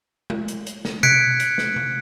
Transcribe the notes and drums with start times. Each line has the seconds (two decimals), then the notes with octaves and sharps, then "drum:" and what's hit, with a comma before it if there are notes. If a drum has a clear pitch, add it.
0.30 drum: tom G#3
0.48 drum: hi-hat
0.66 drum: hi-hat
0.85 drum: snare
1.03 F#6 G#6 B6 C#7 D7, drum: tom B2
1.40 drum: hi-hat
1.58 drum: snare
1.76 drum: tom C3